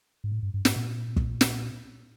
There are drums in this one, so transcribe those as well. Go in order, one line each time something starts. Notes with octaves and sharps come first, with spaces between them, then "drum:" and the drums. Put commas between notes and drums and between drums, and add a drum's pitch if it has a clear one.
G#2
A2
G2
G2
G#2, drum: snare
A#2
drum: kick
drum: snare